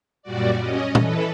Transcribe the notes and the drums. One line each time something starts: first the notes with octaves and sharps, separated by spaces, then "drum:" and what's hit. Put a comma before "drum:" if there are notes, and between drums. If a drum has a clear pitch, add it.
F#2 A#2 G3 F#4 D5
C#4 D#5
E3 A4 B4, drum: tom